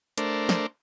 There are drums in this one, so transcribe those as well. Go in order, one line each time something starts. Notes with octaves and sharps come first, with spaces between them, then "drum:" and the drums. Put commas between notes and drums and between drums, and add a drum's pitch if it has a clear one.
A3 D4 A#4 C5, drum: hi-hat
drum: snare